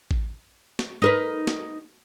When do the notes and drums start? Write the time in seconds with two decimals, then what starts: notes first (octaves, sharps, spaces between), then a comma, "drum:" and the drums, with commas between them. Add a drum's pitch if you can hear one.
0.11 drum: kick A1
0.79 drum: snare
1.02 D#4 A#4 B4
1.47 drum: snare